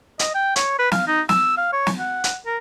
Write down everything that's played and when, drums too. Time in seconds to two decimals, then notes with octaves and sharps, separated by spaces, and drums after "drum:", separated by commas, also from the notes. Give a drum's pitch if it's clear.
0.19 D#5, drum: hi-hat
0.34 G5
0.56 C#5, drum: hi-hat
0.79 B4
0.92 F5, drum: snare
1.07 D#4
1.29 E6, drum: snare
1.57 F5
1.72 C#5
1.87 drum: snare
1.99 F#5
2.24 drum: hi-hat
2.46 A#4